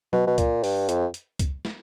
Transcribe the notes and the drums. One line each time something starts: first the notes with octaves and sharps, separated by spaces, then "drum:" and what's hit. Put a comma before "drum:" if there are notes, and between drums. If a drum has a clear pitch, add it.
B2, drum: tom F#3
B2
A#2, drum: kick C#2, hi-hat
G2, drum: open hi-hat
F2, drum: hi-hat
drum: hi-hat
drum: kick C#2, hi-hat
drum: snare